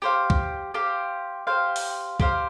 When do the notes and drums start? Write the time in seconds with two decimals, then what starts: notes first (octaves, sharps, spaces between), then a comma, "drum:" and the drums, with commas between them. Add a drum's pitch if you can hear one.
0.02 G4 C5 F5
0.30 drum: kick C2
0.74 G4 C5 F5
1.47 G4 C5 F5
1.76 drum: open hi-hat
2.20 G4 C5 F5, drum: kick C2